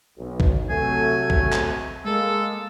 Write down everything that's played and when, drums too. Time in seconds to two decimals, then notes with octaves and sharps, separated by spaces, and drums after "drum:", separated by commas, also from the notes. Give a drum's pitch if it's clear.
0.17 B1
0.40 drum: kick
0.70 C3 F#3 A3 G#5
1.30 drum: kick
1.52 drum: clap
2.05 G#3 A#3 A4